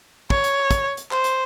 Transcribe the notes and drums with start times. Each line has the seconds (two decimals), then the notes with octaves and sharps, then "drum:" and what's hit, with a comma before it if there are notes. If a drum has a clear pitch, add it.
0.30 C#5, drum: kick
0.44 drum: hi-hat
0.71 drum: kick, hi-hat
0.97 drum: hi-hat
1.11 C5, drum: clap
1.24 drum: hi-hat